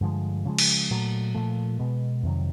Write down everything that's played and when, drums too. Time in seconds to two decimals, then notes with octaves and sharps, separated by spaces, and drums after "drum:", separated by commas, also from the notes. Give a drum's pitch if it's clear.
0.01 G2 D3 F3 G#3
0.45 C#3 F3 G#3
0.59 drum: cymbal
0.91 A#2 F#3 A3
1.34 A#2 F3 A3
1.79 B2 G#3 B3
2.23 F2 C3 D#3 F#3